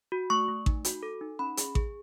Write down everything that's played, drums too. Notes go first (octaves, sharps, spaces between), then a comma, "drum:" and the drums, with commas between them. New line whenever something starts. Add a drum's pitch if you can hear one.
F#4
A3 C#6
A3
D#4, drum: kick A1
F#4, drum: hi-hat
A4
D#4
C#4 B5
G#4, drum: hi-hat
G#4, drum: kick A1